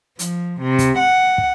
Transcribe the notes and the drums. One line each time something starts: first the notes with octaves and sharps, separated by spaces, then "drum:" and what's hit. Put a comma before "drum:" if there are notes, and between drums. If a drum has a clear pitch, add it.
F3, drum: hi-hat
C3
drum: kick, hi-hat
F#5
drum: kick